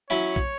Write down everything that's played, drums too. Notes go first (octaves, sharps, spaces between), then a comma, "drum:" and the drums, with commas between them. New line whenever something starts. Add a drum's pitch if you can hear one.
F#3 C#4 E4 C#5
drum: kick